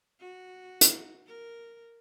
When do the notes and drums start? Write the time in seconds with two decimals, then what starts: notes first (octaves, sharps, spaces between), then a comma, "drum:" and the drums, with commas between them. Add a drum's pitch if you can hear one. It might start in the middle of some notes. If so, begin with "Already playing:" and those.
0.20 F#4
0.81 drum: hi-hat
1.27 A#4